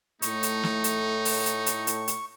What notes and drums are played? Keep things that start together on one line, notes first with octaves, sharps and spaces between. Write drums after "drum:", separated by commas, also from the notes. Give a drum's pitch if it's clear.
A2 A3 D#4 C#6, drum: hi-hat
drum: hi-hat
drum: snare
drum: hi-hat
drum: open hi-hat
drum: hi-hat
drum: hi-hat
drum: hi-hat
drum: hi-hat